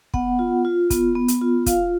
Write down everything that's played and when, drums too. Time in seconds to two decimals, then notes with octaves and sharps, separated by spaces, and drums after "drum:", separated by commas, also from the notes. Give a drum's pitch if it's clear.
0.14 B3 F#5, drum: kick
0.39 F4
0.65 F4
0.90 B3, drum: kick, hi-hat
1.15 B3
1.28 drum: hi-hat
1.42 F4
1.66 F4 F5, drum: kick, hi-hat